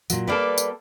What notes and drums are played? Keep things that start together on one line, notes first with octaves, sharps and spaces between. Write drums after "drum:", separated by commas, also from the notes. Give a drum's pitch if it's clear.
A#2 F#3, drum: tambourine
G3 A#3 A4 B4 D5
drum: tambourine